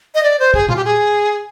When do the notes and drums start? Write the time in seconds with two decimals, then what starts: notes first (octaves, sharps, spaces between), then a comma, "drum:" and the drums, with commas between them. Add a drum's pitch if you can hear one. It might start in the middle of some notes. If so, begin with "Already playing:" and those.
0.15 D#5
0.23 D5
0.39 C5
0.54 G#4, drum: kick
0.69 F4, drum: tom A#2
0.76 G4
0.85 G#4